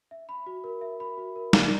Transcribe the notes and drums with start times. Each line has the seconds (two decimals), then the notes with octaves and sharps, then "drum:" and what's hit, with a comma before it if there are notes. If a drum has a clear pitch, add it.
0.11 E5
0.29 B5
0.46 F#4
0.64 A#4
0.81 E5
1.00 B5
1.18 F#4
1.36 A#4
1.53 D5, drum: snare